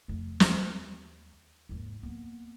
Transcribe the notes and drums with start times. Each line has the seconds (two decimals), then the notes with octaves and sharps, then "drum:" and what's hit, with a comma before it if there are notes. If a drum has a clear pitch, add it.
0.08 F2 A3
0.40 D#2, drum: snare
1.69 D#2 G#2
2.03 A#3 B3